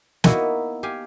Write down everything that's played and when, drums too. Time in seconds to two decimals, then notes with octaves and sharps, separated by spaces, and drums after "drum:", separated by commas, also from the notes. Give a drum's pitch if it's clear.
0.24 A#3 B3 D#4 E4 F#4, drum: snare
0.83 G4 F5 G#5